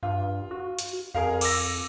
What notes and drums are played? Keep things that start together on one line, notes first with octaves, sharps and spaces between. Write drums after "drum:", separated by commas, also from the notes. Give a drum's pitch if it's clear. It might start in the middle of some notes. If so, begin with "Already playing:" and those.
G2 F4
F#4
drum: hi-hat
F2 G#4 A#4 F5
D6 E6 A#6, drum: cymbal